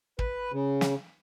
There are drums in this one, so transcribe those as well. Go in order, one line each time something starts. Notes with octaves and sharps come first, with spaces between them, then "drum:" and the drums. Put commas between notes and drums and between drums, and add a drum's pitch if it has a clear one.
B4, drum: kick
C#3
drum: snare